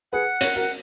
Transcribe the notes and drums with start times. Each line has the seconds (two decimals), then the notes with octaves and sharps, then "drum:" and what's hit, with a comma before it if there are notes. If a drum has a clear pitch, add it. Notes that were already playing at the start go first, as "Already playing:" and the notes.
0.13 G#4 B4 F#5
0.41 A#4 C#5, drum: hi-hat
0.56 F#4 A#4